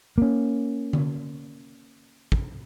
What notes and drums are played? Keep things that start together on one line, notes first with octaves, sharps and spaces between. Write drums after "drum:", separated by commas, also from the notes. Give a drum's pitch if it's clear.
A#3 C#4
drum: tom D3
drum: kick